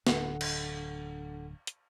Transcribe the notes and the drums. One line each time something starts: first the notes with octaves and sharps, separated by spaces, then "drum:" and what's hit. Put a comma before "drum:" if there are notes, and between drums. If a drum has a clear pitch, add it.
D1 D3 D4 A4 F#5, drum: snare
drum: cymbal
drum: hi-hat